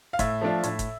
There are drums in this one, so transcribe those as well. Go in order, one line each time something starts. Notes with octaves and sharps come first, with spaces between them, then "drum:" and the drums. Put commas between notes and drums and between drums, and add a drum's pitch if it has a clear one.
F5
A2 E5, drum: kick, hi-hat
F3 A3 D4 F4
A2, drum: hi-hat
drum: kick, hi-hat